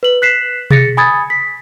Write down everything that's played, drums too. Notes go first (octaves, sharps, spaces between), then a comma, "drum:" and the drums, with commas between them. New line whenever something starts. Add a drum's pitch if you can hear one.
B4 F#7
F#6 B6 C7 E7
G#4 A6 A#6 C#7, drum: tom B2
G#5 B5 D#6 G#6 A6
B6